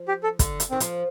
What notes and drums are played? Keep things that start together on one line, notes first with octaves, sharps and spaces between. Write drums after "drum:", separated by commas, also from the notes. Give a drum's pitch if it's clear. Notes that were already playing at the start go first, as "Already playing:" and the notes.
Already playing: F3
G4
A4
D3, drum: kick, hi-hat
drum: hi-hat
D#3 C4
F3, drum: hi-hat